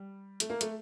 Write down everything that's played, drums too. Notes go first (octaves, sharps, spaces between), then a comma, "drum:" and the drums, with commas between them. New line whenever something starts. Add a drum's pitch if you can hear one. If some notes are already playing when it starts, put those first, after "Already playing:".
Already playing: G3
A3, drum: hi-hat
A#3
A3, drum: hi-hat